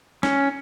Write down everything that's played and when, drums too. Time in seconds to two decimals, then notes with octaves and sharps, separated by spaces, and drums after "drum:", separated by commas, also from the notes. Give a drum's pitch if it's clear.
0.23 C#4, drum: snare